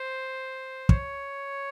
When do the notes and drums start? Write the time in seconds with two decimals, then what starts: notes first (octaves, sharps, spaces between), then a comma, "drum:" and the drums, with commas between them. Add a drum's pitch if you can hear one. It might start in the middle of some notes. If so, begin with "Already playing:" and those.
Already playing: C5
0.89 C#5, drum: kick